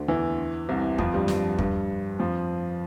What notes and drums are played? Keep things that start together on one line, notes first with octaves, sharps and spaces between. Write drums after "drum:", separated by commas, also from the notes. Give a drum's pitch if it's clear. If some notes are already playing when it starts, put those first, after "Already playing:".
Already playing: D2 D3
E2 E3
C2 C3
F2 F3, drum: kick
G2 G3
drum: snare
G2 G3, drum: kick
F2 F3